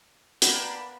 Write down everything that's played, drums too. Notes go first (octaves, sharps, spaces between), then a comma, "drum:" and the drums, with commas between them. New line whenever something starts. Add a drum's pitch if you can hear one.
A#3 B3 D4 G5, drum: hi-hat
B5